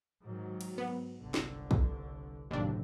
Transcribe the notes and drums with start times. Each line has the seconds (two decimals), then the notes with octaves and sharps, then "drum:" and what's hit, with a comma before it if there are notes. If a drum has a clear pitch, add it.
0.24 G#2 D#3 F#3
0.61 drum: cymbal
0.78 B3
1.17 G1 C2 D3
1.34 drum: snare
1.71 drum: kick
2.51 F#1 D#2 A2 C3 D4